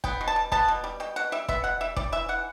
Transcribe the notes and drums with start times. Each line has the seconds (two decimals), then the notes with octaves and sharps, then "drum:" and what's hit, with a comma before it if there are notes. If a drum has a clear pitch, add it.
0.04 B3 G5, drum: kick
0.21 B2
0.28 A5
0.36 G3
0.52 B3 A5, drum: kick
0.68 B2
0.84 G3
1.00 B2 G5
1.16 B2 F#5
1.32 G3 E5
1.48 B3 E5, drum: kick
1.64 B2 F#5
1.81 G3 E5
1.96 G3 D5, drum: kick
2.12 E3 E5
2.28 E3 F#5